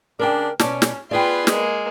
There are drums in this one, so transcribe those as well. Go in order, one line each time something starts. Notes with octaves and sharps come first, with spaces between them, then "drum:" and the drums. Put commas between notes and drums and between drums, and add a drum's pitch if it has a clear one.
C#3 D4 A#4 G5
B2 C#4 D5 A5, drum: snare
drum: snare
B3 F4 G#4 B4 D5 G5 C6
G#3 A#3, drum: snare